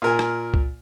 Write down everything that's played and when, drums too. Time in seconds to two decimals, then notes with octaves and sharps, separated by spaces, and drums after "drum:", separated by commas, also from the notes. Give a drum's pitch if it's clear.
0.02 A#2 A#4 G#5
0.19 drum: rim click
0.54 drum: kick C#2